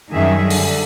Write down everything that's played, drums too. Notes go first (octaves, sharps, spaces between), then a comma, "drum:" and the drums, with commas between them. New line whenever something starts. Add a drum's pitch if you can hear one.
F#2 D#3 G3 G#4 E5
D3 G3, drum: open hi-hat